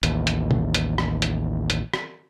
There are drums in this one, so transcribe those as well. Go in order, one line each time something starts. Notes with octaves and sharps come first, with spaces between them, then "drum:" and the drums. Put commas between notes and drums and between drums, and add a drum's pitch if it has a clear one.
A1 D#2, drum: hi-hat
drum: hi-hat
drum: tom
drum: hi-hat
drum: rim click
drum: hi-hat
drum: hi-hat
drum: rim click